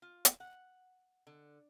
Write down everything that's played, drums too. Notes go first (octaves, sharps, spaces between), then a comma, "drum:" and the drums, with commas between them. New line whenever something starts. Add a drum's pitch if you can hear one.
F4
drum: hi-hat
F#5
D3